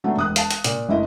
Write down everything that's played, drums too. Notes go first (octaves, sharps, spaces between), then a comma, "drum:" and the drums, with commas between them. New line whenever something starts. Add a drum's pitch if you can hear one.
F#3 A3 B3 D4
E1 D#6 F#6
F5 A5, drum: hi-hat
drum: hi-hat
A#2, drum: hi-hat
F#1 A3 E4 D#5